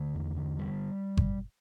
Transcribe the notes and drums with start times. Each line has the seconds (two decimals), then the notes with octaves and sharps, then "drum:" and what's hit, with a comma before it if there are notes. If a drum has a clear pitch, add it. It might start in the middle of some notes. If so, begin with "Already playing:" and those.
Already playing: D3 A3
0.15 E2
0.37 D3
0.59 G3
1.17 drum: kick G1